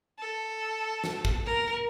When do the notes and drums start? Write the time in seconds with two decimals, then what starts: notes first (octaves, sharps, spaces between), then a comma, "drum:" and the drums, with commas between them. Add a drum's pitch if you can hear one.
0.19 A4
1.04 drum: snare
1.25 drum: kick
1.46 A#4